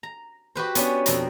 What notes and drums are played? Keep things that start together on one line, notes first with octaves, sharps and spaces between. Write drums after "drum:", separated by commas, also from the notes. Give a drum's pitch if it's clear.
A#5
F#4 G4 B4 C5
B3 C#4 D4, drum: hi-hat
F2 B2 C4 A#5, drum: hi-hat